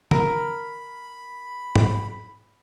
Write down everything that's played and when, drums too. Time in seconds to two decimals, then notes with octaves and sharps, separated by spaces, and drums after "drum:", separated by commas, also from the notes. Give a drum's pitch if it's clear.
0.11 A#4 B5, drum: tom D3
1.76 drum: tom